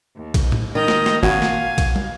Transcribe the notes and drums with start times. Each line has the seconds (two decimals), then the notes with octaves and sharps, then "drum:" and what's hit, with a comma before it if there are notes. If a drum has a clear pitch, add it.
0.16 D#2
0.34 drum: kick A#1, cymbal
0.52 drum: tom A2
0.75 D#3 G#3 D#5 A#5 G6
0.88 drum: snare
1.06 drum: snare
1.23 G#1 A#2 F#4 F5 G#5
1.42 drum: snare
1.78 drum: kick A#1, cymbal
1.96 drum: tom